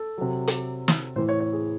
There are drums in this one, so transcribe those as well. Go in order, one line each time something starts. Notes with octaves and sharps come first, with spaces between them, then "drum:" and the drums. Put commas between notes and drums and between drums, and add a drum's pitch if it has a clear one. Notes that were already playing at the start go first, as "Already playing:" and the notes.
Already playing: A4
C3 F#3
drum: hi-hat
drum: snare
A2 E3 C5
C#5
C#5
G#4